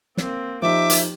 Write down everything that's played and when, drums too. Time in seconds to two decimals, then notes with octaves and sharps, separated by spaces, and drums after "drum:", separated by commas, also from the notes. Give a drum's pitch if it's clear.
0.17 A#3 C4, drum: snare
0.62 F3 D#4 G4 E5 D6
0.90 drum: hi-hat